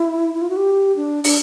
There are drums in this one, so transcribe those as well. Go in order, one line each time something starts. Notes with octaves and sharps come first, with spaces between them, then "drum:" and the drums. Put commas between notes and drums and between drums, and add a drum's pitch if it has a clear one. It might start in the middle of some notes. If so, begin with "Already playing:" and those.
Already playing: E4
E4
F4
F#4
G4
D4
D4, drum: open hi-hat